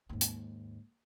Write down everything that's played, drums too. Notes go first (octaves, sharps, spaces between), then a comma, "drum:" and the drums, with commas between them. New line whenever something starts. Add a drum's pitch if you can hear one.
D#2 G#2
drum: hi-hat